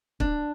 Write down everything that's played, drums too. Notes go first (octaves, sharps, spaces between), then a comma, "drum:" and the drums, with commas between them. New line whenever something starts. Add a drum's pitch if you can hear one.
D4, drum: kick